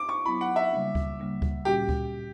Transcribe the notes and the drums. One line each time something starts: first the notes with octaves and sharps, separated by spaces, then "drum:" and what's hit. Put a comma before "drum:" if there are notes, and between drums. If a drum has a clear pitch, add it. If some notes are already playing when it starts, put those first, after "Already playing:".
Already playing: D6
C#6
F#3 B3 E4 B5
F#5
E5
C#3 G3 A#3 D4
drum: kick D2
C#3 G3 A#3 D4
drum: kick D2
A#2 G3 C#4 F#4 G4
drum: kick D2